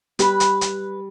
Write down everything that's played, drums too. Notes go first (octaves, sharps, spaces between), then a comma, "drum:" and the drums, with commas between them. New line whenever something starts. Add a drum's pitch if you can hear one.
G3 B4, drum: hi-hat
drum: hi-hat
drum: hi-hat